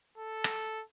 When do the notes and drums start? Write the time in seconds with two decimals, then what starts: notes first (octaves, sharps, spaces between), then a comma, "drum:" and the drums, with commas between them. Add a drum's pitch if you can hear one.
0.18 A4
0.44 drum: rim click